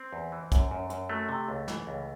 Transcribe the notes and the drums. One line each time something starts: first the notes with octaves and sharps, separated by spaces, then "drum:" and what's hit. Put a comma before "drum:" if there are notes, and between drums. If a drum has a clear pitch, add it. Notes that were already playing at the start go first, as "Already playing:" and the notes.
Already playing: C4
E2
E3
F#2, drum: kick, hi-hat
F#2
F#2, drum: hi-hat
F#3 A3
C3
C#2
E3, drum: snare
C#2